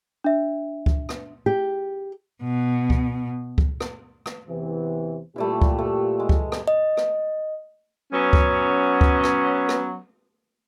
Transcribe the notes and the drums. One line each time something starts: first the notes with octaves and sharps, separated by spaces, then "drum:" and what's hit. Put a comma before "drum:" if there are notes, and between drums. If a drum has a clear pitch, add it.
D4 E5
drum: kick C#2
drum: rim click
G4
B2
drum: kick C#2
drum: kick C#2
drum: rim click
drum: rim click
E2 C3 E3
A#2 E3 G3 A3 G4
drum: kick C#2
A3
G#3
drum: kick C#2
drum: rim click
D#5
drum: rim click
F#3 B3 C#4
drum: kick C#2
drum: kick C#2
drum: rim click
drum: rim click